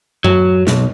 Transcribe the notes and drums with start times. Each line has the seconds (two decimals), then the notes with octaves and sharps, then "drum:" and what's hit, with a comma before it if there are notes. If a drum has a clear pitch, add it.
0.24 F#3, drum: tom F#2
0.67 B1, drum: snare